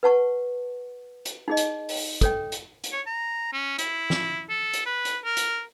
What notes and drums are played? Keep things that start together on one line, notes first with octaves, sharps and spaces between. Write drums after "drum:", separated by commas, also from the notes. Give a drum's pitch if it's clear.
B4 F#5 A5 C#6
drum: hi-hat
D#4 G#4 D#5
drum: hi-hat
drum: open hi-hat
A4 C#5 G5, drum: kick, hi-hat
drum: hi-hat
drum: hi-hat
C#5
A#5
C#4
E4, drum: hi-hat
drum: snare
A4
drum: hi-hat
B4
drum: hi-hat
A#4
drum: hi-hat